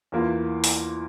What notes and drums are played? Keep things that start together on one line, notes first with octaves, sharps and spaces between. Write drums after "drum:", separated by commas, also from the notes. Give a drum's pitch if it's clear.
E2 E3 A#3 F4
drum: open hi-hat